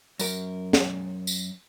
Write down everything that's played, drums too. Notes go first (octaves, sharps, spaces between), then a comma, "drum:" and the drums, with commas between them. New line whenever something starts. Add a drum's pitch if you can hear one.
F#2 A#4, drum: tambourine
drum: snare
drum: tambourine